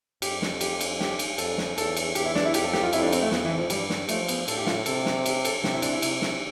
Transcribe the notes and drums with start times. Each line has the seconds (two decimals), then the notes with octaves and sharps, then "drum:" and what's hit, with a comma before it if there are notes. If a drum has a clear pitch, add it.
0.22 F2 G4, drum: cymbal
0.42 drum: snare
0.61 G4, drum: cymbal
0.81 drum: cymbal
1.00 G4, drum: snare
1.19 drum: cymbal
1.38 F2 A4, drum: cymbal
1.58 drum: snare
1.78 E2 A4, drum: cymbal
1.96 drum: cymbal
2.15 E2 G4, drum: cymbal
2.26 E4
2.35 D4, drum: snare
2.45 E4
2.54 F2 G4, drum: cymbal
2.64 A4
2.73 G4, drum: snare
2.83 F4
2.93 F2 E4, drum: cymbal
3.02 D4
3.12 C4, drum: cymbal
3.22 A3
3.31 F2 B3, drum: snare
3.45 E3
3.58 F3
3.70 G2 G3, drum: cymbal
3.90 drum: snare
4.09 F3 A3, drum: cymbal
4.28 B3, drum: cymbal
4.48 A2 A4, drum: cymbal
4.57 G4
4.66 F4, drum: snare
4.86 C3 A4, drum: cymbal
5.06 drum: snare
5.26 G4, drum: cymbal
5.45 A4, drum: cymbal
5.64 C3 G4, drum: snare
5.74 E4
5.82 D4, drum: cymbal
5.93 E4
6.02 C3, drum: cymbal
6.22 drum: snare